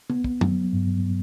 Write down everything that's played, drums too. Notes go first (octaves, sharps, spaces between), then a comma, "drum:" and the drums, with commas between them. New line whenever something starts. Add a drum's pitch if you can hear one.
B3, drum: tom
drum: kick
F#3, drum: tom F#2
G2